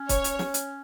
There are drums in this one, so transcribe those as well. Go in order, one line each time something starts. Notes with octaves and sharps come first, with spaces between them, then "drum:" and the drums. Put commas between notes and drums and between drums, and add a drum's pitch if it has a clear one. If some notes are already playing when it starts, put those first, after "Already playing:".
Already playing: C#4
C#5, drum: kick, hi-hat
drum: hi-hat
drum: snare
drum: hi-hat